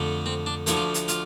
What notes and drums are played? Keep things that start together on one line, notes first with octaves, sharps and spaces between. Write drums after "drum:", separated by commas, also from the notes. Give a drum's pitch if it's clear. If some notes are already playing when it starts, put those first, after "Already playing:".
Already playing: F2 D3 A3
C4
D4
D2 D3 F3 A3 E4, drum: hi-hat
F4
drum: hi-hat
F4, drum: hi-hat